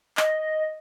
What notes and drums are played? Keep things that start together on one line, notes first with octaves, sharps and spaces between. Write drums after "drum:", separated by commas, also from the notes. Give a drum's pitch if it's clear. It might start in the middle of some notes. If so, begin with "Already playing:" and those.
D#5, drum: clap